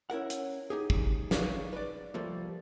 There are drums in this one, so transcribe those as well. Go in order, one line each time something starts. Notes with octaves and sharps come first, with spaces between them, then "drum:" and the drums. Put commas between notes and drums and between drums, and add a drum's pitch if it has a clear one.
C#4 E4 A#4 F#5
drum: hi-hat
D#4 G4 G#4
drum: kick
D#4 G#4 B4 C#5 D5 F5, drum: snare
B4 D5
C2 F3 G3 A3 A#3